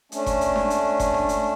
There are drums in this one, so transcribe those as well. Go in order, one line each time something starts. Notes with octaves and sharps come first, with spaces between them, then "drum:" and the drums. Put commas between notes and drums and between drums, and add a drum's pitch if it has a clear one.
A3 C#4 D4, drum: hi-hat
drum: kick F#1, hi-hat
drum: hi-hat
drum: snare D4
drum: hi-hat
drum: kick F#1, hi-hat
drum: snare D4
drum: hi-hat